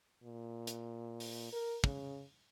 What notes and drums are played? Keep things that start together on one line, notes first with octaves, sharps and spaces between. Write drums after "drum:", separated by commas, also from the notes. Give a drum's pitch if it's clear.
A#2
drum: hi-hat
drum: open hi-hat
A#4
C#3, drum: kick